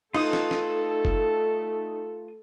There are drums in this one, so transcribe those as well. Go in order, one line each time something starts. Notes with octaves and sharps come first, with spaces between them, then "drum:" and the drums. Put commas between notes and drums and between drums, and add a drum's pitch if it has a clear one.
A3 D#4 F4 A4 B4 D#6, drum: cymbal
drum: snare
drum: snare
drum: kick F#1